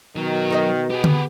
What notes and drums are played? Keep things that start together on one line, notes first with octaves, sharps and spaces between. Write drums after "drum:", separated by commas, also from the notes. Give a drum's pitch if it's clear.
B2 D#3 F#3
D#4 A#4 D#5
B3 G4 G#4
drum: tom D3